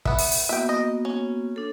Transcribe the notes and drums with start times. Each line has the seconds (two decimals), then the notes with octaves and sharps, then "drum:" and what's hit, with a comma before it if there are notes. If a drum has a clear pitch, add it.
0.05 B3 E5, drum: kick
0.19 drum: open hi-hat
0.32 drum: open hi-hat
0.49 A#3 B3 F#4 E5 G5
0.69 D#5
1.05 C#4
1.56 D4 A4